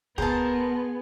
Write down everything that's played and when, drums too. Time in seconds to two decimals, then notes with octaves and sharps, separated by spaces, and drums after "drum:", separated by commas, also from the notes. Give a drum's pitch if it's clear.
0.18 B3 G#4 A#4 C5 A5, drum: kick